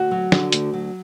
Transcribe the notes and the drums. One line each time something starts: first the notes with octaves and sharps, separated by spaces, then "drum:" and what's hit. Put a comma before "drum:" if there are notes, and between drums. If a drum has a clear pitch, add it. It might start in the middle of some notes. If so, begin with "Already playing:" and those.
Already playing: D2 F#4
F#3
D3, drum: snare
D2, drum: hi-hat
F#3